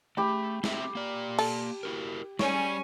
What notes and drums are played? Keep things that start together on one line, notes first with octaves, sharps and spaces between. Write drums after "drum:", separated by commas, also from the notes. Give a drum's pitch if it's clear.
A3 G4 B5
C4 F#4 E5, drum: snare
A#3 D5
A4, drum: cymbal
E4 F#4 A#4
G3 C#4 C#5 D5 G#5, drum: snare